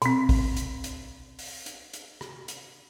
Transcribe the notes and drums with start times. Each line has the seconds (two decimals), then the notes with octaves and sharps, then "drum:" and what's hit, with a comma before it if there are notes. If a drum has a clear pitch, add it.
0.02 B2 C4, drum: hi-hat
0.29 drum: kick, open hi-hat
0.57 drum: hi-hat
0.84 drum: hi-hat
1.39 drum: open hi-hat
1.66 drum: hi-hat
1.93 drum: hi-hat
2.21 drum: rim click
2.48 drum: hi-hat